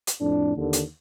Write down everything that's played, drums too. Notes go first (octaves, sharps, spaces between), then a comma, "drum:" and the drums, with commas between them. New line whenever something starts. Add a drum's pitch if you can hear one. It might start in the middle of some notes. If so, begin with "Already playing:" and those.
drum: hi-hat
F2 A2 D4
D#2 D3
drum: hi-hat